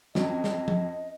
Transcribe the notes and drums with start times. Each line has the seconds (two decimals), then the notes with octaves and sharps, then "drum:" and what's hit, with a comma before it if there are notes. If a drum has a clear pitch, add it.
0.15 F2 F#3 C#4 D#5, drum: snare
0.44 drum: snare
0.68 drum: tom F3